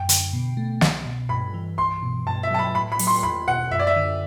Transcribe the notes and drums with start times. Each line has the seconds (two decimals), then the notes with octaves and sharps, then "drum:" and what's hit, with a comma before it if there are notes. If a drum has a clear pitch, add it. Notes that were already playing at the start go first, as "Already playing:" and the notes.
Already playing: F#2 G5
0.09 D3, drum: hi-hat
0.33 B2
0.57 A3
0.81 C2, drum: snare
1.05 B2
1.29 G2 B5
1.54 E3
1.78 C2 C6
2.03 B2
2.27 G2 A5
2.43 E5
2.51 F#3 A5
2.59 B5
2.75 A2 B5
2.92 B5
2.99 F#3, drum: open hi-hat
3.07 C6
3.23 E2 B5
3.48 B2 F#5
3.71 F#2 E5
3.80 D5
3.87 E5
3.96 D3